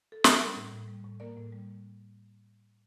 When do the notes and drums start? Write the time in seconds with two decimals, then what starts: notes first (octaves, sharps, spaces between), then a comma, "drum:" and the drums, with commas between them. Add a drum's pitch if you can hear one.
0.12 A4
0.24 A#3 A#4, drum: snare
0.41 G3
0.56 A2
0.72 A2
0.88 G3
1.04 A2
1.20 A#3 A#4 D5
1.37 A2
1.52 G3